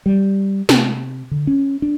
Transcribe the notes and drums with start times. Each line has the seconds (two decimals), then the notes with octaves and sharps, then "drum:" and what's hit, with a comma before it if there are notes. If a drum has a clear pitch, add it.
0.06 G3
0.69 C3, drum: snare
1.31 D3
1.47 C#4
1.82 D4